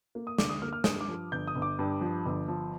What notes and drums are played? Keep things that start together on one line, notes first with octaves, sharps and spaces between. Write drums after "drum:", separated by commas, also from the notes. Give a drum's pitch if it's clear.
A#3
D#6
D2 D6, drum: snare
D#6
A#3 F6
F6
G2 D#6, drum: snare
D6
F3
G1 G6
D#6
G1
D6
G2
F3
G1
F3